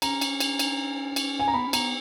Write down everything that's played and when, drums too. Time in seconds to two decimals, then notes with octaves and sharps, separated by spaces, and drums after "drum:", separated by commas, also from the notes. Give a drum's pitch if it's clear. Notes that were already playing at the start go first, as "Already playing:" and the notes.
0.02 C#4 A#5, drum: cymbal
0.21 drum: cymbal
0.40 drum: cymbal
0.59 drum: cymbal
1.16 drum: cymbal
1.40 G#5
1.44 C#4 A#5
1.54 B3 B5
1.67 C#4
1.73 B3 A#5, drum: cymbal